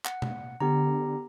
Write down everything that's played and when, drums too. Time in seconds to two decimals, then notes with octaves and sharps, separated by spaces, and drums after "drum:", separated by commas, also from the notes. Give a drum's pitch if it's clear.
0.05 F#5, drum: clap
0.22 drum: tom B2
0.60 D3 B3 G4 A#5